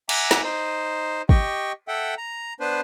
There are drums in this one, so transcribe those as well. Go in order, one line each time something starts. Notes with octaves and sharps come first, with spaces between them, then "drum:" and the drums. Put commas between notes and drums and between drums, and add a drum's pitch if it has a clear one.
E5 F#5 G#5 A#5 D6, drum: cymbal
drum: snare
D#4 C5
G4 D#5 G5 C#6, drum: kick
A4 E5 F#5 G5
A#5
B3 D4 B4 C5